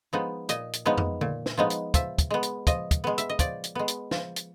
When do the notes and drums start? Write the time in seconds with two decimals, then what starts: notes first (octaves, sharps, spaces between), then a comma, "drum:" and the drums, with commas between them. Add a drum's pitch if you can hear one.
0.13 F3 G#3 B3 D#4
0.49 A#2 D#5, drum: hi-hat
0.73 drum: hi-hat
0.85 F3 G#3 B3 D#4
0.98 drum: tom F2
1.21 A#2, drum: tom D3
1.46 drum: snare
1.58 F3 G#3 B3 D#4
1.70 drum: hi-hat
1.94 F3 E5, drum: kick, hi-hat
2.18 drum: kick, hi-hat
2.30 G#3 B3
2.43 drum: hi-hat
2.67 F3 D#5, drum: kick, hi-hat
2.91 drum: kick, hi-hat
3.04 G#3 B3
3.18 E5, drum: hi-hat
3.30 D#5
3.39 F3 D5, drum: kick, hi-hat
3.64 drum: hi-hat
3.75 G#3 B3
3.88 drum: hi-hat
4.11 F3, drum: snare
4.36 drum: hi-hat